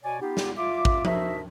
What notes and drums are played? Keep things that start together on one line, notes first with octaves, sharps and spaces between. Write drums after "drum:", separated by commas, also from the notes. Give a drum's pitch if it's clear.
B2 C#5 D5 G#5
B3 D#4 F4 G4
drum: snare
F4 E5 D6
drum: kick
D4 D#4 F#4 A#4 C5 E5, drum: tom F3